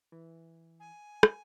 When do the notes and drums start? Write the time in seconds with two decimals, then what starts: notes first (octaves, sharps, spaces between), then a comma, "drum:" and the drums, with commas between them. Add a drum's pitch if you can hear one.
0.12 E3
0.80 G#5
1.23 drum: rim click